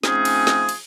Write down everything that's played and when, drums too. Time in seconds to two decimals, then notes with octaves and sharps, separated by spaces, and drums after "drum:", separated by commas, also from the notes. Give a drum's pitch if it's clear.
0.03 F3 A3 C4 C#4 D#4 G#4, drum: snare
0.25 drum: cymbal
0.47 drum: snare
0.69 drum: cymbal